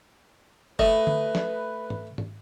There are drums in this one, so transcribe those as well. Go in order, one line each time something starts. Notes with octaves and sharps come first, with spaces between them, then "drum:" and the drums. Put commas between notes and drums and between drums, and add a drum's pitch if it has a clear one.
A3 B4 D#5, drum: kick
drum: tom D3
drum: snare
drum: tom G#2
drum: tom G#2